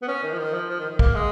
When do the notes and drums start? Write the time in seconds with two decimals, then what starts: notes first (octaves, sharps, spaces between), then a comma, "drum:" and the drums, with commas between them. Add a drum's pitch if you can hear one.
0.02 B3
0.08 C#4
0.23 D#3
0.33 F3
0.39 D#3
0.54 F3
0.69 F3
0.79 D#3
0.90 D#3
0.99 A#3, drum: kick
1.15 G#3